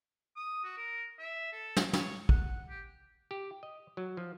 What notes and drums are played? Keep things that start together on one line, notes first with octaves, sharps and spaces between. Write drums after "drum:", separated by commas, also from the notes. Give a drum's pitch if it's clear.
D#6
F#4
A#4
E5
A4
drum: snare
C#5, drum: snare
F#5, drum: kick
G4
G4
D#5
F#3
F3